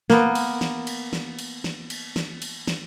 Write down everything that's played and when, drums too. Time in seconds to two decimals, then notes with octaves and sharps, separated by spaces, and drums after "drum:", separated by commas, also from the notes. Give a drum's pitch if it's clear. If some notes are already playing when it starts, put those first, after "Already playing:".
0.10 A#3 B3, drum: snare
0.35 drum: cymbal
0.61 drum: snare
0.87 drum: cymbal
1.13 drum: snare
1.39 drum: cymbal
1.64 drum: snare
1.90 drum: cymbal
2.16 drum: snare
2.42 drum: cymbal
2.68 drum: snare